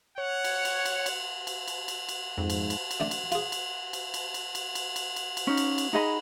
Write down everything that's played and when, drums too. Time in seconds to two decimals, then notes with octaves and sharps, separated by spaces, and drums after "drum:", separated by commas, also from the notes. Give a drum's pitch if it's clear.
0.18 C#5 F#5
0.44 drum: cymbal
0.65 drum: cymbal
0.85 drum: cymbal
1.06 drum: cymbal
1.47 drum: cymbal
1.68 drum: cymbal
1.88 drum: cymbal
2.09 drum: cymbal
2.38 F2 G#2
2.50 drum: cymbal
2.70 drum: cymbal
2.91 drum: cymbal
3.00 D3 A3 D4
3.11 drum: cymbal
3.32 F4 G#4, drum: cymbal
3.52 drum: cymbal
3.93 drum: cymbal
4.14 drum: cymbal
4.34 drum: cymbal
4.55 drum: cymbal
4.75 drum: cymbal
4.96 drum: cymbal
5.16 drum: cymbal
5.37 drum: cymbal
5.47 C#4 D#4
5.57 drum: cymbal
5.78 drum: cymbal
5.93 D#4 G#4 D#5 B5